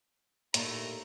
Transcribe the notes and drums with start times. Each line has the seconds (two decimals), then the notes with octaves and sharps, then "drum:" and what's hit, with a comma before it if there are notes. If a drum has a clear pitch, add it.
0.54 D#2 A#2 A3 A#3 E4 A4 A#5, drum: hi-hat